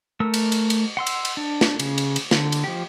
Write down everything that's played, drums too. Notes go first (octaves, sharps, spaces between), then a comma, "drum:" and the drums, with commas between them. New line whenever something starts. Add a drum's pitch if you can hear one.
A3 A#4 E6
drum: cymbal
drum: cymbal
drum: cymbal
F#5 C6 E6
drum: cymbal
drum: cymbal
D4
drum: snare
C#3, drum: cymbal
drum: cymbal
drum: cymbal
D3, drum: snare
drum: cymbal
F3 G4